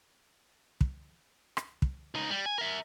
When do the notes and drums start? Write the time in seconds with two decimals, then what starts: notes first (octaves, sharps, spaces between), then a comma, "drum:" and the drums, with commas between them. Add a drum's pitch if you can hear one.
0.81 drum: kick
1.57 drum: rim click
1.82 drum: kick
2.15 C#2 D#4
2.30 G3
2.46 G#5
2.58 A#4 E5